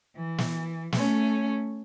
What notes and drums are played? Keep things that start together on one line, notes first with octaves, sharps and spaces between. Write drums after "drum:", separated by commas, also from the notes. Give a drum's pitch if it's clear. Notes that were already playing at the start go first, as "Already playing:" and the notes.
E3
drum: snare
A3 C#4, drum: snare